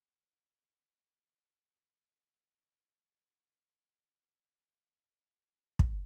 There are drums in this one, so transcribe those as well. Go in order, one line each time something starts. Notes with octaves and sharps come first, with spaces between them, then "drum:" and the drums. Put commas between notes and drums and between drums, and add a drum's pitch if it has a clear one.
E2
E2
C3
E2 A4
F#3
C3
G2 A4
E3
B4
E3
C5
G2 B4
E3
E3
D2
C3
D2
D2 A4
G4
C3
F#4
E3 E4
G2 G4
G2
F#3 C5
B4
F#3 A4
drum: kick